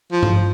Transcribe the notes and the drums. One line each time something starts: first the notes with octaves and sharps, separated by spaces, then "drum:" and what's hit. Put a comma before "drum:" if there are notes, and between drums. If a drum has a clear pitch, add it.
F3
drum: tom G2